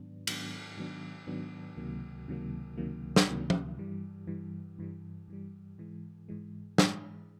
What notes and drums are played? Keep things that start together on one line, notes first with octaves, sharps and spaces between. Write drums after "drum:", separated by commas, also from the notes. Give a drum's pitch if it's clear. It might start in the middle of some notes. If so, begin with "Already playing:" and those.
Already playing: G#2 D#3 F#3 B3 D4
G#2 D#3 F#3 B3 D4, drum: cymbal
G#2 D#3 F#3 B3 D4
G#2 D#3 F#3 B3 D4
C#2 C3 D#3 F#3 A#3
C#2 C3 D#3 F#3 A#3
C#2 C3 D#3 F#3 A#3
drum: snare
C#2 C3 D#3 F#3 A#3
drum: tom F3
G2 E3 G3
G2 E3 G3
G2 E3 G3
G2 E3 G3
G#2 E3 G#3
G#2 E3 G#3
G#2 E3 G#3, drum: snare